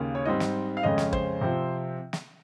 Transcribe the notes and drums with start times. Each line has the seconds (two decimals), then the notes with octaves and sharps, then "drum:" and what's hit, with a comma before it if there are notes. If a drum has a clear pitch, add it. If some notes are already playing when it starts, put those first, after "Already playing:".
Already playing: D#2 C#3 A#3
0.15 C#5
0.25 G#2 G3 C4 D#5
0.40 drum: snare
0.77 F5
0.83 F2 C#3 G#3 C#4 D#5
0.98 drum: snare
1.13 C5, drum: kick
1.41 C3 F3 C4
2.13 drum: snare